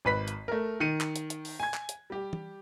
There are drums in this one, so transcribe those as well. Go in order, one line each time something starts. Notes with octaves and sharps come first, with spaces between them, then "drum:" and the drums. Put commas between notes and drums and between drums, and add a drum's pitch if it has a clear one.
G#1 B4 B6
drum: hi-hat
A3 A#4
D#3 C#7 D#7
drum: clap
drum: hi-hat
drum: hi-hat
drum: open hi-hat
G#5 G#6
drum: clap
drum: hi-hat
G3 G4
drum: tom